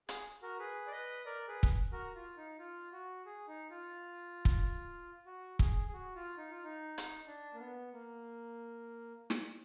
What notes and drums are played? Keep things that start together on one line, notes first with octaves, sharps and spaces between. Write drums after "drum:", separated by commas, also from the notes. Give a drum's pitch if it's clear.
G#4, drum: hi-hat
F#4 A#4
G#4 B4
D5
B4 D#5
A#4 D5
G#4 B4
drum: kick
F#4 A#4
F4
D#4
F4
F#4
G#4
D#4
F4
drum: kick
F#4
G#4, drum: kick
G#4
F#4
F4
D#4
F4
D#4
drum: hi-hat
D4
A#3
B3
A#3
drum: snare